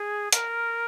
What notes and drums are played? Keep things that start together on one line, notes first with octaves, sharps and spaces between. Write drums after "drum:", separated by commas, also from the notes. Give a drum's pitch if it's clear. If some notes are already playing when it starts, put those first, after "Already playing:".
Already playing: G#4
A#4, drum: hi-hat